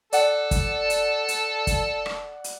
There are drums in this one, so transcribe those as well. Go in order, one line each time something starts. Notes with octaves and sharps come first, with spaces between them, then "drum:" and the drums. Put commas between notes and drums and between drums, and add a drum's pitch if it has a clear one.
A4 D5 F#5, drum: hi-hat
drum: kick, hi-hat
drum: hi-hat
drum: hi-hat
drum: kick, hi-hat
drum: rim click
drum: hi-hat